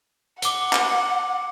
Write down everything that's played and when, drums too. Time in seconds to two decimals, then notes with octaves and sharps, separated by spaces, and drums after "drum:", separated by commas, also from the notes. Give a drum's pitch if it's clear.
0.42 F#5 D6 G7, drum: hi-hat
0.73 drum: clap